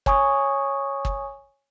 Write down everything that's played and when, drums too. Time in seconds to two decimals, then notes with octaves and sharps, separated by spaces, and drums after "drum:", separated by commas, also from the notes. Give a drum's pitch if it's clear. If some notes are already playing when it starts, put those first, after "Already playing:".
0.06 C#5 G#5 C#6 D#6, drum: kick
1.05 drum: kick